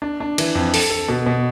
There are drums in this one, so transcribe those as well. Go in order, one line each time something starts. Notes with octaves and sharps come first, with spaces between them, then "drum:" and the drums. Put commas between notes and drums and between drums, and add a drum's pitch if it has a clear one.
D4
D4
E3, drum: cymbal
F2
A4, drum: open hi-hat
A4
B2
B2